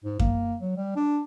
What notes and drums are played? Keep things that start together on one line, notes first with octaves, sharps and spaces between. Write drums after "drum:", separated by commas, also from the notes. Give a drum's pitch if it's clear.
G#2
A#3, drum: kick F#2
F#3
G3
D4